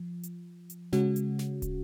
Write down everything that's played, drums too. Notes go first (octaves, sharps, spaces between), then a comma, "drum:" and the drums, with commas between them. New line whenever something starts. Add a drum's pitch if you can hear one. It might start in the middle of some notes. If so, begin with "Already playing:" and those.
Already playing: F3
drum: hi-hat
drum: hi-hat
C#3 G#3 C#4 F#4, drum: snare
drum: hi-hat
drum: snare
drum: kick, hi-hat